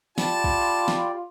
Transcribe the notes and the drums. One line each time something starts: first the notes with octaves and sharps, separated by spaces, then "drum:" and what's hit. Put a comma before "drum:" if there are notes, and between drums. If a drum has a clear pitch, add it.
F4 G4 D5 A5 B5, drum: snare
drum: kick
drum: snare